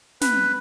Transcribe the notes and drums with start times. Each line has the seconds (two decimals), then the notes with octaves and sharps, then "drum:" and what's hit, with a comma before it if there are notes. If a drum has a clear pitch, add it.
0.21 B4, drum: snare